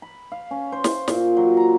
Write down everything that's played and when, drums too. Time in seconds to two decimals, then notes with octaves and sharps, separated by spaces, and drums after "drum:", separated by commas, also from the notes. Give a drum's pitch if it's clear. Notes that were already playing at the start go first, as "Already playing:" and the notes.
0.02 B5
0.32 F5
0.51 C#4
0.72 C5
0.84 drum: snare
1.08 A#2, drum: snare
1.37 F#3
1.57 A#5